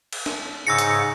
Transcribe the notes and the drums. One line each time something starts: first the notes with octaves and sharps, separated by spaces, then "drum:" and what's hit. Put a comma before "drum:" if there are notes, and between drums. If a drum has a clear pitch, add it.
drum: cymbal
drum: snare
G#2 C#3 E6 A#6 C#7
drum: hi-hat